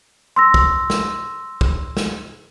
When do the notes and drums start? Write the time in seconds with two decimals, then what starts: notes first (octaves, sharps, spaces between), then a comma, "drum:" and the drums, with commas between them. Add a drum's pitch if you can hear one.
0.36 C6 E6 A#6
0.54 drum: kick
0.90 drum: snare
1.61 drum: kick
1.97 drum: snare